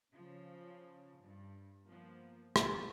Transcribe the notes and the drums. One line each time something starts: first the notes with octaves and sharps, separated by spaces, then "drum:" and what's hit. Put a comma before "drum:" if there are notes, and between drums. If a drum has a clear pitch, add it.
C#3 F3
G2
F3 A#3 B3
G1 G#4 F#6 G#6 A6, drum: rim click